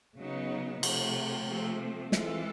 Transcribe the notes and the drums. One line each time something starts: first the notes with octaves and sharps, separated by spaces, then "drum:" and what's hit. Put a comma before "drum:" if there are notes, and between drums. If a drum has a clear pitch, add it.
C#3 F#3 B3 D#4
C3 F3 A3, drum: cymbal
C3 F3 A3 C4
E3 G#3 C4 F4 A4, drum: snare